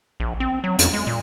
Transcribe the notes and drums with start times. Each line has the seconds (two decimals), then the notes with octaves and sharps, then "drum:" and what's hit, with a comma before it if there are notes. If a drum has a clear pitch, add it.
0.20 A#1
0.40 C4
0.64 F#3
0.79 F2, drum: hi-hat
0.93 G#3
1.07 A#2